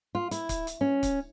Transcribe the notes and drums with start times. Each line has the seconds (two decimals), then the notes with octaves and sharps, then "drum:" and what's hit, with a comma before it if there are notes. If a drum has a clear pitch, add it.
0.15 F4
0.31 E4, drum: hi-hat
0.49 drum: kick C#1, hi-hat
0.67 drum: hi-hat
0.81 C#4
1.03 drum: kick C#1, hi-hat